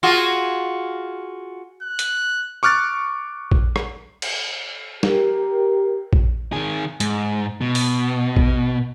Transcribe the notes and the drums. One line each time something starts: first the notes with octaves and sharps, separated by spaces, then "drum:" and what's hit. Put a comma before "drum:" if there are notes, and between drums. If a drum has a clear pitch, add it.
F4 F#4 G#4
F#6
drum: hi-hat
C#6 D6 F6 F#6 A6
drum: kick A#1
drum: rim click
drum: cymbal
G4 A#4, drum: snare
drum: kick A#1
D#3 G#4
G#2, drum: hi-hat
B2
drum: open hi-hat
drum: kick A#1